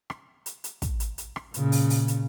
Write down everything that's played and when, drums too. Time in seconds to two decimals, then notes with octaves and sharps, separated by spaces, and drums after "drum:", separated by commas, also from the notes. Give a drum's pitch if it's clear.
0.10 drum: rim click
0.46 drum: hi-hat
0.64 drum: hi-hat
0.82 drum: kick, hi-hat
1.00 drum: hi-hat
1.18 drum: hi-hat
1.36 drum: rim click
1.54 A#2 C#3, drum: hi-hat
1.72 drum: open hi-hat
1.90 drum: open hi-hat
2.08 drum: hi-hat